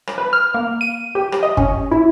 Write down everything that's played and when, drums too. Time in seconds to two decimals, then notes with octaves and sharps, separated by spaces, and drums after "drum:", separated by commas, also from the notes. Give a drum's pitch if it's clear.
0.07 drum: rim click
0.18 B4
0.33 F6
0.54 A#3
0.81 D#7
1.15 G4
1.32 drum: rim click
1.43 D#5
1.57 C#4, drum: kick
1.91 E4